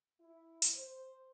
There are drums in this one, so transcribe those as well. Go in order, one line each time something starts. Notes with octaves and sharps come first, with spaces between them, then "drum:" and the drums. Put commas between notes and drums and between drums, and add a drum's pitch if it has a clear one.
E4
drum: hi-hat
C5